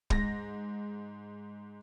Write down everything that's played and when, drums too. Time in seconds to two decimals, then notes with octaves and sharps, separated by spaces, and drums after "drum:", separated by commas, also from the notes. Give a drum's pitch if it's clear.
0.10 G#2 A#6, drum: kick